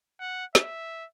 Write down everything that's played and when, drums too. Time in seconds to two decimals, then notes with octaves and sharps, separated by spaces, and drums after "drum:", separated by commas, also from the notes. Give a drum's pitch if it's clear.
0.20 F#5
0.55 E5, drum: snare